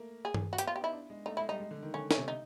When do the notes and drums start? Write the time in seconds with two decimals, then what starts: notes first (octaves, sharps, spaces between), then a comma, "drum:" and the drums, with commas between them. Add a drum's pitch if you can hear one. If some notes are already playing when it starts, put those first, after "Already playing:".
Already playing: A3 A#3
0.25 G#4
0.34 drum: tom G2
0.53 F#4
0.58 B3 G4, drum: hi-hat
0.67 F4
0.76 G4
0.81 D#4
0.84 E4
0.93 D4
1.10 G#3
1.26 A3 D#4
1.37 G#3 E4
1.49 G3 D#4
1.60 G#3
1.71 D3
1.83 D#3
1.94 D3 C#4
2.11 C#4, drum: snare
2.17 C3
2.28 D#4